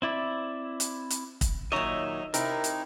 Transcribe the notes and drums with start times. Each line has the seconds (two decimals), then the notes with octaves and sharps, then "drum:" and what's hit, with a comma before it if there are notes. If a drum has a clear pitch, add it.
0.02 C4 E4 D5
0.80 drum: hi-hat
1.10 drum: hi-hat
1.41 drum: kick, hi-hat
1.72 A#2 D#3 F#3 D#4 C#5 D#5 E5 A#5
2.34 C3 C4 D#4 E4 A#4, drum: hi-hat
2.64 drum: hi-hat